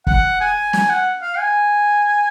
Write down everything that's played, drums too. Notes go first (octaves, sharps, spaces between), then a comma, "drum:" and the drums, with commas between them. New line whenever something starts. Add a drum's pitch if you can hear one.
F#5, drum: kick
G#5
G#5, drum: snare
F#5
F5
G#5